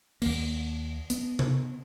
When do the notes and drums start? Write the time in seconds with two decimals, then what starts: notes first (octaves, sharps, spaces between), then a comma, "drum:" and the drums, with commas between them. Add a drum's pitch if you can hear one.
0.22 D#2 A#3, drum: cymbal
1.10 B3, drum: hi-hat
1.39 drum: tom C3